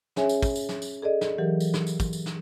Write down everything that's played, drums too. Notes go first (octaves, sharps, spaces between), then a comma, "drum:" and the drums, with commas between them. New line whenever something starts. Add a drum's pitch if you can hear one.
C#4 G#4 C#5 E5 G#5, drum: snare
drum: tambourine
drum: kick, tambourine
drum: tambourine
drum: snare
drum: tambourine
G#4 A4 D5 D#5
drum: snare
E3 F#3 G4 A#4
drum: tambourine
drum: snare
drum: tambourine
drum: kick, tambourine
drum: tambourine
drum: snare